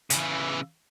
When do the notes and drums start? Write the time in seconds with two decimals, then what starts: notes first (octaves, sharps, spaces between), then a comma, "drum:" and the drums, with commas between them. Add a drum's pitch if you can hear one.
0.10 C#3 E3, drum: hi-hat